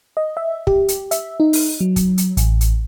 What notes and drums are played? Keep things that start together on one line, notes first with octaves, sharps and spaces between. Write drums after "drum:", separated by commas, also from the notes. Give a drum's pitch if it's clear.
D#5
E5
G4, drum: kick
drum: hi-hat
E5, drum: hi-hat
D#4
drum: open hi-hat
F#3
drum: kick, hi-hat
drum: hi-hat
A1, drum: hi-hat
drum: hi-hat